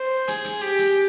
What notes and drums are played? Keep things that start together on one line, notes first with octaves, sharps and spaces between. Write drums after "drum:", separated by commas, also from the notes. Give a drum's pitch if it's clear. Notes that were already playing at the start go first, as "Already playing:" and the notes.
Already playing: C5
G#4, drum: hi-hat
drum: hi-hat
G4
drum: hi-hat